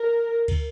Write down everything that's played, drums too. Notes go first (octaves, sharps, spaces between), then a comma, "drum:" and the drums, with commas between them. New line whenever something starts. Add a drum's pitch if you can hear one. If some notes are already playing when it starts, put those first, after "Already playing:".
Already playing: A#4
drum: kick, cymbal